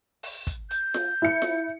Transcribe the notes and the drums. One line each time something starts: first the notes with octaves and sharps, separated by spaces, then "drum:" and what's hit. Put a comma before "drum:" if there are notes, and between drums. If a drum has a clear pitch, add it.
drum: open hi-hat
drum: kick, hi-hat
G6, drum: hi-hat
drum: snare F4
E4 C#7
drum: snare F4